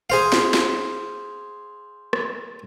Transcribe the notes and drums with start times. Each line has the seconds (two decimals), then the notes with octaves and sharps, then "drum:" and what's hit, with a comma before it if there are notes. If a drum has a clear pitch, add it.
0.10 G#4 C5 F5
0.32 drum: snare
0.54 drum: snare
2.13 drum: rim click